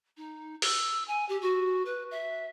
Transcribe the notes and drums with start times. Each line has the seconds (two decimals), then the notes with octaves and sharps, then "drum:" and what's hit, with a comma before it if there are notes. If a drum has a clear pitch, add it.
0.17 D#4
0.62 E6, drum: open hi-hat
1.08 G#5
1.29 G4
1.41 F#4
1.85 B4
2.11 E5